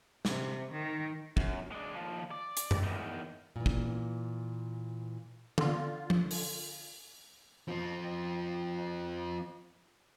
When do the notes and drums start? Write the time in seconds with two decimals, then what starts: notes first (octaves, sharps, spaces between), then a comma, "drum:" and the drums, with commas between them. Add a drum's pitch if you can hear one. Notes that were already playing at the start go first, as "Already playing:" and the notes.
0.25 C3, drum: snare
0.74 D#3
1.37 F#2, drum: kick
1.72 G#3 D4
1.95 D#2 F3
2.31 D5
2.57 drum: hi-hat
2.71 drum: tom F#2
2.84 E2 D#3
3.56 A#2 E3
3.66 drum: kick
5.58 D3 F4, drum: tom
6.10 drum: tom
6.31 drum: open hi-hat
7.68 F3 C4